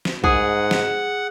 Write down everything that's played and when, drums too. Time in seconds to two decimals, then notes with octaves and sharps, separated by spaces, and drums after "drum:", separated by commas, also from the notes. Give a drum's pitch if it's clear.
0.05 drum: snare
0.24 G#2 G#4 F#5, drum: kick B1
0.71 drum: snare